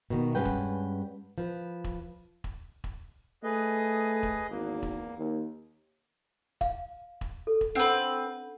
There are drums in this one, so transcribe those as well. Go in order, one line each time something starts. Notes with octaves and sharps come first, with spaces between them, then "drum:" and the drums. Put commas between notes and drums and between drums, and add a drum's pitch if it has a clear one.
B2 D#3 B3
G2 G#3 C#4 B4 F#5 G5
drum: kick E1
F3 B4
drum: kick E1
drum: kick E1
drum: kick E1
A3 G#4 B4 D#5
drum: kick E1
G#1 E2 A#3
drum: kick E1
D#2
F5, drum: kick E1
drum: kick E1
A4
drum: kick E1
C4 D4 B4 F#5